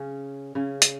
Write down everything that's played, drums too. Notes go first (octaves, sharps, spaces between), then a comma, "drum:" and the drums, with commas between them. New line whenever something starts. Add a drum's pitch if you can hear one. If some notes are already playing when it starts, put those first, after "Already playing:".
Already playing: C#3 C#4
C#3 C#4
drum: hi-hat